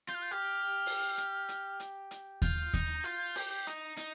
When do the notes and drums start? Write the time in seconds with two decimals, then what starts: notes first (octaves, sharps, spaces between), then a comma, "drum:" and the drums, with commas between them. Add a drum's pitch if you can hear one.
0.09 F4 G6
0.15 F6
0.22 G6
0.31 G4 F6
0.86 drum: open hi-hat
1.17 drum: hi-hat
1.49 drum: hi-hat
1.80 drum: hi-hat
2.11 drum: hi-hat
2.42 F4 G6, drum: kick D#2, hi-hat
2.74 D#4, drum: kick D#2, hi-hat
3.04 F4
3.36 G4, drum: open hi-hat
3.67 D#4, drum: hi-hat
3.97 D#4, drum: hi-hat